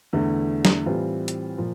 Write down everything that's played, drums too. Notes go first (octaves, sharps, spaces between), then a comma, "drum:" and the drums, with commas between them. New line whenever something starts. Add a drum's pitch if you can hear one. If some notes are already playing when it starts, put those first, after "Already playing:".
E2 D3 A3
drum: snare
A2 E3 G3 C4 F4
drum: hi-hat
A#2 F3